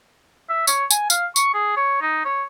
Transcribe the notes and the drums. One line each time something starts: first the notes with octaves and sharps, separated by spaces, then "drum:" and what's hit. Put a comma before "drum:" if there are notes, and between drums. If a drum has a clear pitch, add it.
E5
C#5, drum: tambourine
G#5, drum: tambourine
F5, drum: tambourine
C#6, drum: tambourine
G#4
C#5
D#4
C#5